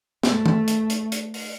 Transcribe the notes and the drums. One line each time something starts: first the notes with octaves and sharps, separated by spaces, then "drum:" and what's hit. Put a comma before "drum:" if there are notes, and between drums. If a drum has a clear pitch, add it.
A3, drum: snare
drum: tom D#3
drum: hi-hat
drum: hi-hat
drum: hi-hat
drum: open hi-hat